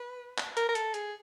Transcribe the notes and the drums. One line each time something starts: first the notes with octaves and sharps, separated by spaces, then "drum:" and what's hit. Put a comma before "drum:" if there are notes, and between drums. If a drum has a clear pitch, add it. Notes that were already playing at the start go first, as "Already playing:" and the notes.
Already playing: B4
drum: clap
A#4, drum: hi-hat
A#4
A4, drum: hi-hat
G#4, drum: hi-hat